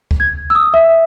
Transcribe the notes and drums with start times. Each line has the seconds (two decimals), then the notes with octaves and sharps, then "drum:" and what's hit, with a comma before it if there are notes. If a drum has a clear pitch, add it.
0.11 drum: kick D2
0.20 G#6
0.50 E6
0.55 D#6
0.74 E5